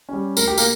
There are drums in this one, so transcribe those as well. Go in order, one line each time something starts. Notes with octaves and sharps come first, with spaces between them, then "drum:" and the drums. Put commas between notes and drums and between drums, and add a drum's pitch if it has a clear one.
G3 C#4
D2 A#4, drum: tambourine
G4
A#3 A#4, drum: tambourine